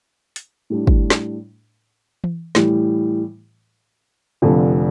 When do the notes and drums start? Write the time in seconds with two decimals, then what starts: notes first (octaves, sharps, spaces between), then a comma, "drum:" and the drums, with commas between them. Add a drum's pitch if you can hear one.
0.36 drum: hi-hat
0.70 A2 G3 D4
0.87 drum: kick
1.10 drum: snare
2.24 drum: tom E3
2.55 A2 E3 G3, drum: snare
4.42 F1 F2 D3 F3